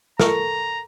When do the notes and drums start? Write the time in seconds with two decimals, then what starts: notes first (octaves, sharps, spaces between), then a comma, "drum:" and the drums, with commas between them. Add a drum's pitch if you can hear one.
0.20 A4 A#4 A#5 C#6, drum: snare